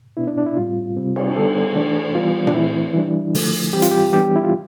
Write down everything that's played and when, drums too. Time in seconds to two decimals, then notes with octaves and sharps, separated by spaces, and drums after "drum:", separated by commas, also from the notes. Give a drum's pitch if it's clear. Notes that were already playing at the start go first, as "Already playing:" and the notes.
0.17 B2 B3 D4 E4
0.27 D4
0.38 D4
0.47 E4
0.57 A2 G3 C4 F4
0.97 C3 G3 C4
1.16 drum: cymbal
1.36 D3 G3 B3 D4 A4
1.76 E3 A3 D4
2.15 E3 G3 B3 F4
2.47 D4, drum: tom A#2
2.54 E3 A3 C4 E4
2.94 E3 G3 D4
3.35 D3 F3 A3, drum: open hi-hat
3.73 E3 G3 C4 G4
3.82 F4, drum: hi-hat
3.91 G4
4.13 E3 G3 B3 D4 G4
4.36 E4
4.44 F4